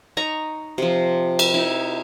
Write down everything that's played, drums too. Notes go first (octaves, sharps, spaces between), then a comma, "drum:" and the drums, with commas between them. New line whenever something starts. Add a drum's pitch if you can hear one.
D#4 A#5 C#6
C3 F3
drum: cymbal
D#4 E4